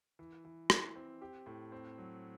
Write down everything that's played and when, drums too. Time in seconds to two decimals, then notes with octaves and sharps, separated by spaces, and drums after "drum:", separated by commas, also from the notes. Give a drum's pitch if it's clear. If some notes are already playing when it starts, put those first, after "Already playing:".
0.19 E3
0.45 E3
0.70 E3, drum: rim click
0.96 C4
1.22 G4
1.46 A2
1.72 C4
1.98 F#3